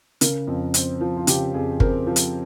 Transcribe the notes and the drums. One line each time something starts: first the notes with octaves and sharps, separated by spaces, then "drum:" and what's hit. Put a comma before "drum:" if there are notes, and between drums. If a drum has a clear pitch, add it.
C#3 A#4, drum: hi-hat
F2
C4, drum: hi-hat
F3
F4
C#3 G4, drum: hi-hat
F2 G#4
C4 A#4, drum: kick
F3
drum: hi-hat